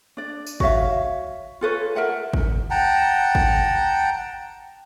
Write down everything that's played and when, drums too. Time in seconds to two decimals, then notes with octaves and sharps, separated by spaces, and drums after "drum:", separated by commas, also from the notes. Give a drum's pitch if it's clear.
0.17 D4 D5
0.47 drum: tambourine
0.60 F#4 C#5 E5 F5, drum: kick
1.61 F4 A4 B4 C#5
1.95 A#4 E5 F#5 A5
2.33 drum: kick
2.70 F#5 G5 A5 A#5
3.35 drum: kick